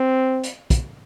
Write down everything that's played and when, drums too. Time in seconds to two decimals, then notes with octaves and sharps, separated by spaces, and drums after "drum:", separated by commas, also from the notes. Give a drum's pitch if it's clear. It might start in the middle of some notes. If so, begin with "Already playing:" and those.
Already playing: C4
0.44 drum: hi-hat
0.70 drum: kick, hi-hat